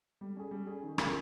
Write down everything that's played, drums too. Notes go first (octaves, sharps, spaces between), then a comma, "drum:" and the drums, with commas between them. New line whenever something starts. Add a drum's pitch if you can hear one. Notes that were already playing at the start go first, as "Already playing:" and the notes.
G3
C#4 G#4
G3
C#4 G#4
D#3
A#3 C#4 F4 G#4, drum: rim click